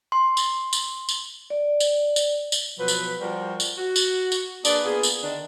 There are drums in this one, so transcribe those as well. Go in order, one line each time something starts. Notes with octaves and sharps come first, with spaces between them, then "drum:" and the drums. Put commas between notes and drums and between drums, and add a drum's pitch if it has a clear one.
C6
drum: tambourine
drum: tambourine
drum: tambourine
D5
drum: tambourine
drum: tambourine
drum: tambourine
B2 F3 F#3 B4
drum: tambourine
F3 G3 F#4 A#4 C5 D5
drum: tambourine
F#4
drum: tambourine
drum: tambourine
A#3 D4 G#4 B4 D5, drum: tambourine
A#3 B3 F4 G#4
drum: tambourine
D3 D#3 D4